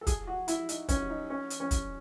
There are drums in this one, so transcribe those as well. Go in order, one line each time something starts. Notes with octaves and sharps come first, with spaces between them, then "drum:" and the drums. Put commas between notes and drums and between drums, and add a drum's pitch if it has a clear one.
A4
G#4, drum: kick, hi-hat
F#4
E4, drum: hi-hat
D#4, drum: hi-hat
C#4, drum: kick, hi-hat
D#4
C#4
drum: hi-hat
C#4
drum: kick, hi-hat